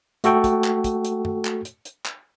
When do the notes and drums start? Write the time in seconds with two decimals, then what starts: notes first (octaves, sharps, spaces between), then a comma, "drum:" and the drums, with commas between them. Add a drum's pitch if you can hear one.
0.24 A3 F#4 A4 G5, drum: hi-hat
0.44 drum: kick, hi-hat
0.64 drum: clap
0.84 drum: kick, hi-hat
1.05 drum: hi-hat
1.25 drum: tom
1.45 drum: clap
1.65 drum: hi-hat
1.85 drum: hi-hat
2.06 drum: clap